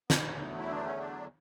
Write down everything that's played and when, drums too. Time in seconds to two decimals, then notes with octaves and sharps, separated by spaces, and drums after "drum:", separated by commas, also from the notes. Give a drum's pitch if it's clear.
0.10 B3, drum: snare
0.22 E2 D3 F#3 A3 C#4
0.40 B3
0.58 E4
0.71 D4
0.85 C#4
0.99 D4